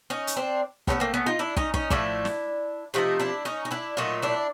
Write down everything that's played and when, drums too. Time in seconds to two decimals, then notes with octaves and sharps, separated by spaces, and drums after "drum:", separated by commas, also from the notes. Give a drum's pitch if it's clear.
0.10 C#4 D#4
0.27 drum: hi-hat
0.37 C4 D4
0.87 A2 F#3 A3 B3 C#4, drum: kick
1.00 A#3 C4
1.14 B3 C#4
1.26 D#4 F4
1.39 D4 E4
1.57 C#4 D#4, drum: kick
1.74 C#4 D#4, drum: kick
1.90 A2 F3 A3 D4 E4, drum: kick
2.25 drum: snare
2.94 C3 F3 A3 C#4 D#4
3.20 D4 E4
3.45 C#4 D#4
3.65 D#4
3.71 D4 E4
3.97 A#2 F#3 A3 D#4 F4
4.22 D4 E4